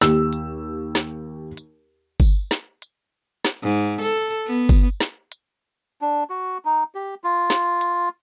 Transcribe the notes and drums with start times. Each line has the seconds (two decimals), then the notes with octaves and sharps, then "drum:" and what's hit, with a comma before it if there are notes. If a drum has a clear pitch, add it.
0.01 D#2 G4 E6, drum: snare
0.33 drum: hi-hat
0.95 drum: snare
1.57 drum: hi-hat
2.20 drum: kick G1, open hi-hat
2.51 drum: snare
2.82 drum: hi-hat
3.45 drum: snare
3.63 G#2
4.02 A4
4.47 B3
4.69 drum: kick G1, open hi-hat
5.00 drum: snare
5.32 drum: hi-hat
6.01 D4
6.30 F#4
6.65 D#4
6.95 G4
7.24 F4
7.50 drum: snare
7.81 drum: hi-hat